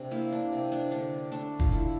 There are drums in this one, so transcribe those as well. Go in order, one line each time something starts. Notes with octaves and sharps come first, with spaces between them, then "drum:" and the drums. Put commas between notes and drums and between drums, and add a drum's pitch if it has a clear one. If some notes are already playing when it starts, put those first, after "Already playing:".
Already playing: C3 D4
A#3 E4
D4
C3
D4
D3 D4
A3 D4
F4, drum: kick
D3 E4